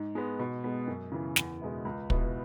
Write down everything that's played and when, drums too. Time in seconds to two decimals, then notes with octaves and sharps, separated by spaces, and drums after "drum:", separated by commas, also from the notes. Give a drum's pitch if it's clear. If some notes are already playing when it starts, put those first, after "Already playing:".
Already playing: G#2
0.15 G#3 B3
0.39 B2
0.64 G#3 B3
0.87 F#2
1.12 C#3 E3
1.36 E2, drum: snare
1.61 B2 G#3 B3 E4
1.85 C#2
2.10 B2 B3 E4, drum: kick